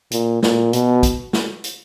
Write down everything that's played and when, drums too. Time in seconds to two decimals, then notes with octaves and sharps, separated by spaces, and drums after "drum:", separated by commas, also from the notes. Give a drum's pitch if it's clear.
0.11 A#2, drum: hi-hat
0.43 A#2, drum: snare
0.73 B2, drum: hi-hat
1.03 drum: kick, hi-hat
1.33 drum: snare
1.64 drum: hi-hat